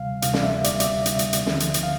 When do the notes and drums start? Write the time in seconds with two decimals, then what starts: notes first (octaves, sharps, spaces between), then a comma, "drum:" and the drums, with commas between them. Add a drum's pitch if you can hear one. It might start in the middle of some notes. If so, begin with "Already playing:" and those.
Already playing: D2 C3 G3 F5
0.22 D2 C3 G3 F5, drum: hi-hat
0.34 D5, drum: snare
0.43 E5
0.64 D2 C3 G3 D5, drum: hi-hat
0.80 D5, drum: hi-hat
0.85 E5
1.06 D2 C3 G3, drum: hi-hat
1.19 drum: hi-hat
1.33 drum: hi-hat
1.46 D2 D3 F3 C4, drum: snare
1.60 drum: hi-hat
1.74 drum: hi-hat
1.83 F5